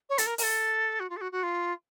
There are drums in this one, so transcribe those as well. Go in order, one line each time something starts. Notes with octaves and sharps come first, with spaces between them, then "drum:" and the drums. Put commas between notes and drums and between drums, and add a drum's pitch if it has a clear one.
C#5
A4, drum: hi-hat
A#4
A#4, drum: open hi-hat
A4
F#4
F4
A4
F#4
F#4
F4